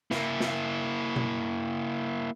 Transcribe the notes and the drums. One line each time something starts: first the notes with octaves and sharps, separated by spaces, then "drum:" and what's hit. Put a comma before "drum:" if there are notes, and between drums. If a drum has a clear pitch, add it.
A#3 E4, drum: snare
drum: snare
drum: tom B2